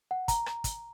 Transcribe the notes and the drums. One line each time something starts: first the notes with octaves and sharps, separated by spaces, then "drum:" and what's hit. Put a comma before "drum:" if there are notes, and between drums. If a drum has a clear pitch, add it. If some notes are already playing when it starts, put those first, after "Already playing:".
F#5
A#5, drum: kick, hi-hat
drum: rim click
drum: kick, hi-hat